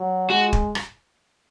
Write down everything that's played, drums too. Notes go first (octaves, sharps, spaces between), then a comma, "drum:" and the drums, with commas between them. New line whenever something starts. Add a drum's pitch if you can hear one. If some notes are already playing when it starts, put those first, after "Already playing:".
Already playing: F#3
G#3 F#4
drum: kick
drum: rim click